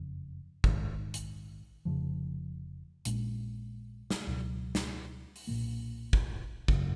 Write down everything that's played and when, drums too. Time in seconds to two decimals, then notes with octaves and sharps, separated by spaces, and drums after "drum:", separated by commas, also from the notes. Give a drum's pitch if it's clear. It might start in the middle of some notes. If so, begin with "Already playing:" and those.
Already playing: F#1 F2 C#3
0.64 A#1 G#2 D#3, drum: kick
1.14 drum: hi-hat
1.85 F1 F2 C#3 F3
3.05 A#1 A#2 G#3 C#4, drum: hi-hat
4.10 drum: snare
4.27 C#2 B2 F#3
4.75 drum: snare
5.36 drum: open hi-hat
5.47 B1 A#2 F3 A#3
6.13 drum: kick
6.68 G#1 F#2 C#3, drum: kick